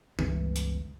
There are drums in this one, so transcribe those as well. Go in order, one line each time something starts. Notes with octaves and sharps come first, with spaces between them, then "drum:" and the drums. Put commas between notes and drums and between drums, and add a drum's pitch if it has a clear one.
G1 C#2 E3, drum: tom D#3
drum: hi-hat